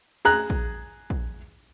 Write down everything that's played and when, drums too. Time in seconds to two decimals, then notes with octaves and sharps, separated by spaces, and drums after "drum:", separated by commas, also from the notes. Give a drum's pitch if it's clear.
0.25 G#4 A#5 F#6, drum: cymbal
0.50 drum: kick A#1
1.10 drum: kick A#1